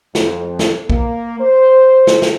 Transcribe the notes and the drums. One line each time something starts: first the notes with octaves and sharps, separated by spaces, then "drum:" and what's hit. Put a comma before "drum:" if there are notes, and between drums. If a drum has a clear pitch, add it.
F2, drum: snare
drum: snare
A#3, drum: kick A#1
C5
drum: snare
drum: snare